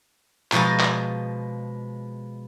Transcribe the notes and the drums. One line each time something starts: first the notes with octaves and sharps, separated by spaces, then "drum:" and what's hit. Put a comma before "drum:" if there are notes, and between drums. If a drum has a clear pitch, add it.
B2 F3 G#3 D#5 A5 A#5, drum: clap
drum: clap